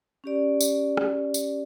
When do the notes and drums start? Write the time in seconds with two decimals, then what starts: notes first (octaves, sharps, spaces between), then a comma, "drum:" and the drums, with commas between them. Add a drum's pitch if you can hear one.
0.24 C#4 G4 D5
0.61 drum: tambourine
0.97 drum: rim click
1.34 drum: tambourine